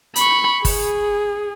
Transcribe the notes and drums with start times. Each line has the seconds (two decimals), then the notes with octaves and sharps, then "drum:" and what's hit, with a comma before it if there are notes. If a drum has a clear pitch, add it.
0.16 B5 C#6, drum: hi-hat
0.65 G#4, drum: kick G1, open hi-hat